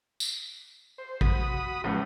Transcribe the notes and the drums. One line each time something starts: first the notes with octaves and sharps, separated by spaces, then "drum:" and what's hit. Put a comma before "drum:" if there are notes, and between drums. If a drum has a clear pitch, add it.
drum: tambourine
C5
F#4 B5 D#6, drum: kick
C#2 A2 F3 B3